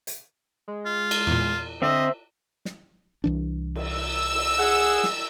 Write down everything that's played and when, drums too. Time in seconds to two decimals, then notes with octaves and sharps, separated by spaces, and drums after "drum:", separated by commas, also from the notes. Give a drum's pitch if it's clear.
0.07 drum: hi-hat
0.68 G#3
0.85 F4
1.11 drum: cymbal
1.27 E2 A#2
1.82 D3 C4 D#5 E5
2.65 drum: snare
3.24 C2 E3 D4
3.75 E6, drum: cymbal
4.35 drum: cymbal
4.58 G#4 F#5
5.04 drum: snare